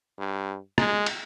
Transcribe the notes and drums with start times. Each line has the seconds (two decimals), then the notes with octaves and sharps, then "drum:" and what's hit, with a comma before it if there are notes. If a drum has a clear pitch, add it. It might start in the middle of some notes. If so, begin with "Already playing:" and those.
0.18 G2
0.78 G#3, drum: rim click
1.06 drum: cymbal